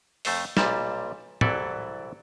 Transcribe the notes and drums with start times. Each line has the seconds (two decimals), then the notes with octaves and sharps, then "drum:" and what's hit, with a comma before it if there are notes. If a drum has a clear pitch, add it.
0.25 F2 A3 C5 C#5, drum: open hi-hat
0.57 B1 A#2 G3 A5, drum: snare
1.41 C2 E3 F#3 A4 D5 E5, drum: tom